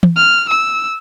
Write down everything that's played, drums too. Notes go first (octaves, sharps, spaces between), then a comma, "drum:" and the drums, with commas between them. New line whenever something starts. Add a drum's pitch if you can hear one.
drum: tom E3
F6
E6